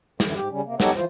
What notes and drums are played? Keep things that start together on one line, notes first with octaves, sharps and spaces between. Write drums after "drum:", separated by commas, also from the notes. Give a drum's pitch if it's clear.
F#2 D3 E3, drum: snare
G#2 G4
C#3 G3 C#4
C3 A#3
B3 D#4 G4 A4 C#5 F#5, drum: snare
E3 F3 F4 C5